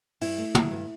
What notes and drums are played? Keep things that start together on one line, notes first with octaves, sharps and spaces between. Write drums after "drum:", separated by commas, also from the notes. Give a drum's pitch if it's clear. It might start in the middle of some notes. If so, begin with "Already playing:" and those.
G2 E4, drum: open hi-hat
A3
F#3, drum: tom
G2